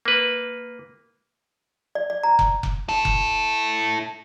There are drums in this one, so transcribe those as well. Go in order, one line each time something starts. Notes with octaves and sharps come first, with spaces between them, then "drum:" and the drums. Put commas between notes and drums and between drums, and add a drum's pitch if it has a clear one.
A#3 B4
D5
D5
A#5
drum: kick F1
drum: kick F1
E4 A4
drum: kick F1